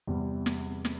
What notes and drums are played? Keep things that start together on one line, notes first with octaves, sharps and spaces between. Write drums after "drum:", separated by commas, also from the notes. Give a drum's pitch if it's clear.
E2 C3 G3 C4
drum: snare
drum: snare